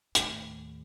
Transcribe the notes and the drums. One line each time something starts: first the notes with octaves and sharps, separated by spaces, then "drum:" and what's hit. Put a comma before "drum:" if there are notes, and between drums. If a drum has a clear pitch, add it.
D#2 A2, drum: hi-hat